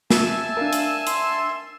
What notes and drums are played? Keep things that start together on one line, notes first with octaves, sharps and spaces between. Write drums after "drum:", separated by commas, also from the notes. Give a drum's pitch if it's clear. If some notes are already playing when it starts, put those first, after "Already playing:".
E5 G#5 A5, drum: snare
D4 A#4 F5
drum: hi-hat
C6, drum: hi-hat